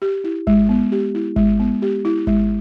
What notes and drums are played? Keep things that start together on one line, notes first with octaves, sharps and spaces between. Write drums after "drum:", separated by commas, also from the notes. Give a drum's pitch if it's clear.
G4
E4
G#3, drum: kick G#1
B3
G4
E4
G#3, drum: kick G#1
B3
G4
E4
G#3, drum: kick G#1